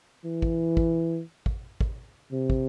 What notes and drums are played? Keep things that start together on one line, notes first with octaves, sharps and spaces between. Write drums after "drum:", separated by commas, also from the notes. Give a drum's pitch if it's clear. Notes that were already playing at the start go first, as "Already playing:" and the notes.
E3
drum: kick
drum: kick
drum: kick
drum: kick
C3
drum: kick